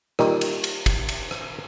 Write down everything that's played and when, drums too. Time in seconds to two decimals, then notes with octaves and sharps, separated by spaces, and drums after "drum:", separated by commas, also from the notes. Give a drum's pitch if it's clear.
0.19 A#2 D#3 G3, drum: rim click
0.41 drum: cymbal
0.64 drum: cymbal
0.86 drum: kick, cymbal
1.09 drum: cymbal
1.31 drum: rim click